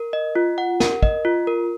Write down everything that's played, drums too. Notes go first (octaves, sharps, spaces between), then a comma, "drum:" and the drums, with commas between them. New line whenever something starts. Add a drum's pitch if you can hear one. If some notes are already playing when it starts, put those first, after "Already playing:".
Already playing: A#4
D#5
F4
F#5
A#4, drum: snare
D#5, drum: kick
F4
A#4